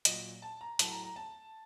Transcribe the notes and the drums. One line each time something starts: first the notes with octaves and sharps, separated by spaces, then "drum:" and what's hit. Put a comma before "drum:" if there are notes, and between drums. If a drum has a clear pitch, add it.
A#2 F#3 D#5, drum: hi-hat
A5
A#5
A2 F#3 A5, drum: hi-hat
A#5
A#5
A5